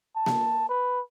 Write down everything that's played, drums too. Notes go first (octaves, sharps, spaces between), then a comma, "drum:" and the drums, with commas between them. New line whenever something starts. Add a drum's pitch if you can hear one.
A5
drum: snare A#3
B4